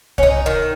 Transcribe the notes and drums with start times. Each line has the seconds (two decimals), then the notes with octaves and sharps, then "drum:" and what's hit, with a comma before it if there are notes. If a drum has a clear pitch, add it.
0.18 C#4, drum: kick C2
0.23 D#4
0.46 D#3